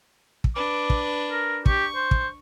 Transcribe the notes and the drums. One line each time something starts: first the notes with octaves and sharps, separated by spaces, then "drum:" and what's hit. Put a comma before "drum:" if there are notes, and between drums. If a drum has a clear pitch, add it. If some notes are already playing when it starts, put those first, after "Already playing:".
drum: kick
D4 B4 D6
drum: kick
A#4
G4 C#6, drum: kick
C5
drum: kick